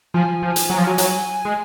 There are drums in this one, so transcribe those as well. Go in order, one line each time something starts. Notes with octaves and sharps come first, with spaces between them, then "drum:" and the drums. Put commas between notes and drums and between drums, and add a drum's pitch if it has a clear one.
F3 G#5
F3
drum: hi-hat
F#3
F3
F#3
F#3, drum: hi-hat
G#3